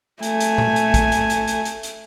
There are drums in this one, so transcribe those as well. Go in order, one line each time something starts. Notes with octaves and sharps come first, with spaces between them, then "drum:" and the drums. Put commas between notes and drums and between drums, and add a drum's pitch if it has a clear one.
A3 G#5, drum: hi-hat
drum: hi-hat
drum: tom A#2
drum: hi-hat
drum: kick, hi-hat
drum: hi-hat
drum: hi-hat
drum: hi-hat
drum: hi-hat
drum: hi-hat